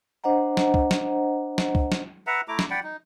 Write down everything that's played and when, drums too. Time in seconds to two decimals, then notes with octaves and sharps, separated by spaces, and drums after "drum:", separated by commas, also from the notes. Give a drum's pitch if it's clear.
0.24 D4 C5 D#5 F#5 A#5
0.57 drum: snare
0.74 drum: kick
0.91 drum: snare
1.58 drum: snare
1.75 drum: kick
1.92 drum: snare
2.27 B4 E5 F#5 A#5
2.48 A3 E4 A#5 D6
2.59 drum: snare
2.70 D5 F#5 G5 B5
2.83 D#4